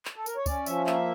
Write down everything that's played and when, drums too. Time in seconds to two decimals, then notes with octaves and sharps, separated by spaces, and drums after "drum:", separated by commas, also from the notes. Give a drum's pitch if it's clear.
0.05 drum: clap
0.16 A4
0.26 A#4, drum: tambourine
0.36 C#5
0.46 C#4 D5, drum: kick, tambourine
0.66 F3 E5, drum: tambourine
0.87 A#3 E5, drum: clap